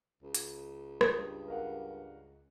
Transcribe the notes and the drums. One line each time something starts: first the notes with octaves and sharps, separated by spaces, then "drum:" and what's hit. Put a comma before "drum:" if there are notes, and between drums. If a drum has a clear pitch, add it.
C#2
drum: hi-hat
G2 D#6, drum: rim click
A#4 F5 F#5